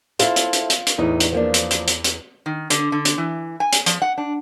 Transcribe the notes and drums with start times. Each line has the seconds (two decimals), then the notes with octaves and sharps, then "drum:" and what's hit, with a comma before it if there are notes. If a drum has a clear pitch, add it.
0.19 E4 F4 A4 C5, drum: hi-hat
0.36 drum: hi-hat
0.53 drum: hi-hat
0.70 drum: hi-hat
0.87 drum: hi-hat
0.98 E2 A2 D#4
1.20 drum: hi-hat
1.33 F3 A#3 D4
1.54 drum: hi-hat
1.71 drum: hi-hat
1.87 drum: hi-hat
2.04 drum: hi-hat
2.46 D#3
2.70 D3, drum: hi-hat
2.92 D3
3.05 drum: hi-hat
3.18 E3
3.60 G#5
3.72 drum: hi-hat
3.86 F3, drum: hi-hat
4.02 F#5
4.18 D4